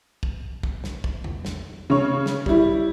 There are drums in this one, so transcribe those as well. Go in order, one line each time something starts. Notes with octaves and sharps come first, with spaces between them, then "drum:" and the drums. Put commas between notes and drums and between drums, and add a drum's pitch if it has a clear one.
drum: kick
drum: kick
drum: snare
drum: kick
drum: tom E2
drum: snare
C#3 C#5
drum: snare
G3 E4, drum: kick